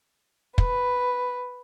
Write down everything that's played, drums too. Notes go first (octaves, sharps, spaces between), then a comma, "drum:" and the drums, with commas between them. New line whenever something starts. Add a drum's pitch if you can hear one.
B4, drum: kick